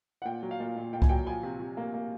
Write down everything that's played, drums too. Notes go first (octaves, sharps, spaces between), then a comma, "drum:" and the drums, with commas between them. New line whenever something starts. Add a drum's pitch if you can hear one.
F#5
A#2 G5
F#3
F5
A#2
A#2
A#2 G5
G#5, drum: kick C2
F#3 G5
F3 G#5
C3
C3
A#3
A#3